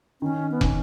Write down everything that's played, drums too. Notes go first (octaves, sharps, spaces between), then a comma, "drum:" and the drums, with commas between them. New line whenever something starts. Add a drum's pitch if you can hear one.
D#3 C#4
B3
D#3 C#4, drum: kick